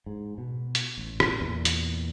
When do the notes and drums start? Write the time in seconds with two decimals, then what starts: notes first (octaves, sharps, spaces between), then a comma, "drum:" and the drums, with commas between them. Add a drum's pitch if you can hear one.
0.06 G#2
0.38 B2
0.75 drum: hi-hat
0.98 A1
1.20 drum: rim click
1.41 E2 A#2
1.65 drum: hi-hat